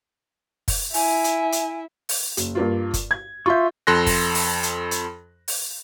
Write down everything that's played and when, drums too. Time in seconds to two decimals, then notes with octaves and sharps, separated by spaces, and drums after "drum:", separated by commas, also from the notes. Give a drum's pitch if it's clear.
0.68 drum: kick, open hi-hat
0.94 E4 G#5, drum: open hi-hat
1.24 drum: hi-hat
1.52 drum: hi-hat
2.09 drum: open hi-hat
2.37 F#1, drum: hi-hat
2.55 G2 A#3 F4
2.94 drum: kick, hi-hat
3.11 G#6
3.46 F4 E5 C6 C#6 G6
3.87 F2 A4 C6 F#6 A#6
4.06 drum: kick, open hi-hat
4.35 drum: open hi-hat
4.63 drum: hi-hat
4.91 drum: hi-hat
5.48 drum: open hi-hat